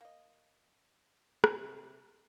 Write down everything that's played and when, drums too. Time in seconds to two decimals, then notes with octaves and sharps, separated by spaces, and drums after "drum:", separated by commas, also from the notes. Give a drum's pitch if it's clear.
0.01 A#3 D#5
1.44 C3 E4, drum: rim click